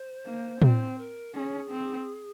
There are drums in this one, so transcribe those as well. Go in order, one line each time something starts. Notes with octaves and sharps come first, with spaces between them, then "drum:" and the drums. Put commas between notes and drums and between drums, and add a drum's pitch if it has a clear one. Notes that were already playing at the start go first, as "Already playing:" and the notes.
Already playing: C5
A#3
C4, drum: tom
A#4
C#4 G#4
C4